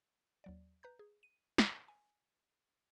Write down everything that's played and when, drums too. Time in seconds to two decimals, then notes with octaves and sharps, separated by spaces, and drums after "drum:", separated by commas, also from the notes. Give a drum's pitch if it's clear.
0.44 D#2 F#3 D5
0.83 B4 A#5 G6
0.99 G#4
1.23 D#7
1.58 drum: snare
1.88 G#5